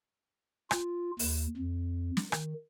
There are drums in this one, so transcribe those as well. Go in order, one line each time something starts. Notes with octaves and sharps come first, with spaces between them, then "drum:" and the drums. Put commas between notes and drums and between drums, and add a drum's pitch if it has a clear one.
F4, drum: rim click
D#2, drum: open hi-hat
F2
drum: snare
D#3, drum: rim click